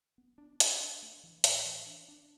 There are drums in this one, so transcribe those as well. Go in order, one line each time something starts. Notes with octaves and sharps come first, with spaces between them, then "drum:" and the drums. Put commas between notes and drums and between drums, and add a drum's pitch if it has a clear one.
B3
D4
D4, drum: hi-hat
D4
A3
E3
A2, drum: hi-hat
E3
D4
D4